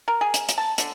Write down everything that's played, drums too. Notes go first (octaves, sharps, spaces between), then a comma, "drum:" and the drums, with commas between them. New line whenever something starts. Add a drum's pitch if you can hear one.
A#4
G#4
drum: hi-hat
drum: hi-hat
A5
D3, drum: hi-hat